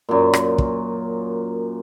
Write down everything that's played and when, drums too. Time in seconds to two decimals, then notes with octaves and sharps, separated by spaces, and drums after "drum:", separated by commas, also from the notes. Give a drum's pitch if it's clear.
0.09 F#2 A#2
0.33 drum: rim click
0.58 drum: kick